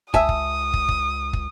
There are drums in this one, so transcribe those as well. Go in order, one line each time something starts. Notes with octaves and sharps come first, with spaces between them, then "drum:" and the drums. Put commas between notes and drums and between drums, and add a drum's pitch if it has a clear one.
C#2 E5 G#5 A5 D#6 E6, drum: kick
drum: kick
drum: kick
drum: kick
drum: kick